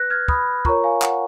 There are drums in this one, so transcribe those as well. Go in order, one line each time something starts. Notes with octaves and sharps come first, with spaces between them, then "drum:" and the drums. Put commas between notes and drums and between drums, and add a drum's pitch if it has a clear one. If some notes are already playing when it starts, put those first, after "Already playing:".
Already playing: B4 F#6 A#6
F6 G#6
B5 D#6, drum: kick
F4 A#4 C#5 A#5 C#6, drum: kick
F5 G#5
F#5, drum: clap